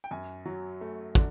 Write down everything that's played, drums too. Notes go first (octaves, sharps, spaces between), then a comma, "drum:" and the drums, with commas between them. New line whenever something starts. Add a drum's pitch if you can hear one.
G5
F#2 G#5
F#3
A3
D3, drum: kick